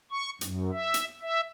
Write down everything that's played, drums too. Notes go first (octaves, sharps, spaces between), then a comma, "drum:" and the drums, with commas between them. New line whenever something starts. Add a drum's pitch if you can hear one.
C#6
F#2, drum: hi-hat
E5
drum: hi-hat
E5